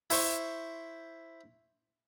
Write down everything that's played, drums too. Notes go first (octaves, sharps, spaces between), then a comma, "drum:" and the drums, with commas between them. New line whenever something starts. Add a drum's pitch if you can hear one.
E4 C5 C#6, drum: open hi-hat